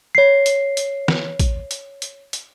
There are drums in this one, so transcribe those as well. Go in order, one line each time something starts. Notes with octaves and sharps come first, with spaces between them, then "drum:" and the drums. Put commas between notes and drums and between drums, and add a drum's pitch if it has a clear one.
C#5 C7
drum: hi-hat
drum: hi-hat
drum: snare
drum: kick, hi-hat
drum: hi-hat
drum: hi-hat
drum: hi-hat